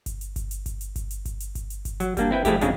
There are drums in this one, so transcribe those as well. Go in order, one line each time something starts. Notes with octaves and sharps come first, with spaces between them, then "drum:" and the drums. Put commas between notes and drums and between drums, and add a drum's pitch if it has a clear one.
drum: kick G1, hi-hat
drum: hi-hat
drum: kick G1, hi-hat
drum: hi-hat
drum: kick G1, hi-hat
drum: hi-hat
drum: kick G1, hi-hat
drum: hi-hat
drum: kick G1, hi-hat
drum: hi-hat
drum: kick G1, hi-hat
drum: hi-hat
drum: kick G1, hi-hat
F#3, drum: hi-hat
G3 A#3 D4, drum: kick G1, hi-hat
C4 E4 B4 G5
F3 G#3 A3 E4 G4, drum: kick G1, hi-hat
F2 C#3 F3 G#3 D4, drum: hi-hat